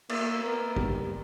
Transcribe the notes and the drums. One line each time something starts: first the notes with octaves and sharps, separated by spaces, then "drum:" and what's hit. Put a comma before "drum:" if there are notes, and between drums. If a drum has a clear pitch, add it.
A#3 E5, drum: cymbal
E5
B3 A#4
G3, drum: kick